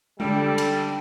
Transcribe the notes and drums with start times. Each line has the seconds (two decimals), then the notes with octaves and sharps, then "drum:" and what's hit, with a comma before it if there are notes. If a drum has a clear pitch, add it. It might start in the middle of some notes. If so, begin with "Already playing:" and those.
0.20 D3 G3 A4, drum: tom G#3
0.58 drum: cymbal